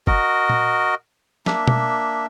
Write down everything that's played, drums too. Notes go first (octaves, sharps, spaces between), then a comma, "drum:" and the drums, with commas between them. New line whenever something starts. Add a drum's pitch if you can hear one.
F#4 A#4 D#5, drum: kick
drum: tom A#2
A#3 D4 E5, drum: snare
drum: tom B2